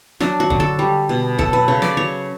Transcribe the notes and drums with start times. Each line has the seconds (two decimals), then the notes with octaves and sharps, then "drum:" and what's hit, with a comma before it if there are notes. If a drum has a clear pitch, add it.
0.20 F#3 D4, drum: snare
0.40 F#4
0.50 D3, drum: kick
0.60 A4
0.79 G3
1.09 B2
1.38 F#3 A4, drum: kick
1.53 B4
1.68 C#3 C#5
1.82 D5, drum: snare
1.97 F#3 C#5